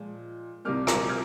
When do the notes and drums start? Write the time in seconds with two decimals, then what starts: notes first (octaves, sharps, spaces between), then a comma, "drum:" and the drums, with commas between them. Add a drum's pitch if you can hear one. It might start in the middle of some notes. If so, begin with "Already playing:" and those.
Already playing: A#2 F3 G#3
0.65 C2 C3 G3 A#3 D6 F6
0.87 A#5 D6, drum: rim click
1.09 F6 G#6